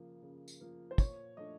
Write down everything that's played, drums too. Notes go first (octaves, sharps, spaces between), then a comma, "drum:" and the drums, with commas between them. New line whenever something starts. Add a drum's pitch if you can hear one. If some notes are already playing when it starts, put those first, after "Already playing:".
Already playing: C#3 F3 A#3
C#3
drum: tambourine
F3 A#3
C5
A#2 C#5, drum: kick, tambourine
F3 A3 D4 D#5